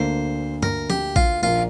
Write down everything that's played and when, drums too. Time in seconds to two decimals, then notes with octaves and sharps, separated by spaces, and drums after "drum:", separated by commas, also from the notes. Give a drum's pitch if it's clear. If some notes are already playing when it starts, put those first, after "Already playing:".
Already playing: D2 D3 A#3 C5
0.63 A#4, drum: tom G2
0.90 G4, drum: tom
1.16 F4, drum: kick
1.42 A#1 A#2 A#3 F4